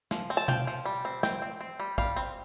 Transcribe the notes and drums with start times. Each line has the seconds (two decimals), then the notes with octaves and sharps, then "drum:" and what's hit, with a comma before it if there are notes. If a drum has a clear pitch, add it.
0.11 F3, drum: snare
0.30 C4
0.37 A5
0.48 F3 G5, drum: tom B2
0.67 F3
0.85 G3
1.05 C4
1.23 C4 G5, drum: snare
1.42 C4
1.61 C4
1.80 G3
1.98 G3 F5, drum: kick A#1
2.16 C4